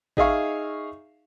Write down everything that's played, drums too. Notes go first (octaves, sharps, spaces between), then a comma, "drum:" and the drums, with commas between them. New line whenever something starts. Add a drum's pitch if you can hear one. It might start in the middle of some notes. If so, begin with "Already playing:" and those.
D#4 G#4 E5 F5 C#6, drum: kick G#1